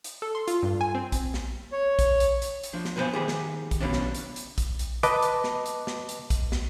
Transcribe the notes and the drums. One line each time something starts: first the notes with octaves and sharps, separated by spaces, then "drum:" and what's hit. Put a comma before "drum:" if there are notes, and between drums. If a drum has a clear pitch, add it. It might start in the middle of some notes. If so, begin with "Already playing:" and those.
drum: hi-hat
A4
C6
F4, drum: hi-hat
G2
G#5
C4
drum: kick A#1, hi-hat
drum: snare
C#5
drum: kick A#1, hi-hat
drum: hi-hat
drum: hi-hat
drum: hi-hat
F3 D4
drum: snare
G2 F3 B3 A#4 C5 G#5
D#3 G4 G#4
drum: snare
drum: kick A#1, hi-hat
C#2 B2 F#3 C#4 D4
drum: snare
drum: hi-hat
drum: hi-hat
drum: kick A#1, hi-hat
drum: hi-hat
B4 D#5 A5 D6, drum: hi-hat
drum: hi-hat
drum: snare
drum: hi-hat
drum: snare
drum: hi-hat
drum: kick A#1, hi-hat
drum: snare